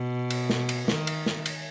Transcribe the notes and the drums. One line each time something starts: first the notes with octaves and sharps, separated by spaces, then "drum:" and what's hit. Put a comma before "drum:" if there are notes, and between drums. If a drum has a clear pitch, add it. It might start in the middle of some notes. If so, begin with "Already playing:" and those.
Already playing: B2
drum: cymbal
drum: snare
drum: cymbal
D#3, drum: snare
drum: cymbal
drum: snare
drum: cymbal